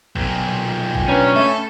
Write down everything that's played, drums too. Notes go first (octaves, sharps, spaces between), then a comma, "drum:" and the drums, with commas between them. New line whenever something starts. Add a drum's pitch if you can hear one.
B1 A#2 G5 G#5, drum: kick
drum: kick
C#4 D4 B4 A#5
A3 A4 B5